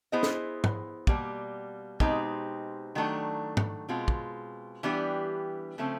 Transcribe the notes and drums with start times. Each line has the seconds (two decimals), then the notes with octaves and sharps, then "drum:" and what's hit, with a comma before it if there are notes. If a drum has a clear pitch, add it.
0.12 B3 E4 G#4 C5 D#5
0.23 drum: snare
0.64 drum: tom
1.07 B2 G3 A#3, drum: kick
2.00 B2 G#3 C4 D#4 G4, drum: kick
2.95 D#3 F#3 A3 D4
3.57 drum: tom
3.89 B2 G#3 C4 F4
4.08 drum: kick
4.83 E3 G3 B3 D4 G4
5.78 C#3 F3 A3 C4